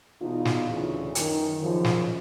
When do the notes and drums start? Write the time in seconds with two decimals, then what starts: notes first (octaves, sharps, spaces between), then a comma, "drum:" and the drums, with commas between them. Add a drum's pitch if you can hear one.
0.22 E2 B2 D#4 F4
0.45 drum: snare
0.68 D2 C#3 E3
1.15 F#2 D#3, drum: hi-hat
1.61 F#2 C#3 F3
1.84 drum: snare